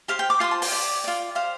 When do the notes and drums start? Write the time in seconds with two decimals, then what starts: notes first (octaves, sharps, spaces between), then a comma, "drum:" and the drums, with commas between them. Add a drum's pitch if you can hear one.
0.08 G4 C5 F5
0.19 G5
0.30 D6
0.40 F4 C5 C6
0.51 A5
0.62 G5, drum: open hi-hat
0.72 G4 D5
1.04 F4 D5
1.35 G4 C5 F5